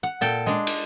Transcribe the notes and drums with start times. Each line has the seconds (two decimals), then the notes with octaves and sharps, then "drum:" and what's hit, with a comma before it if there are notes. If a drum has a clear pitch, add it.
0.03 F#5
0.21 A#2 A4 G5
0.46 G#3 D4
0.67 drum: cymbal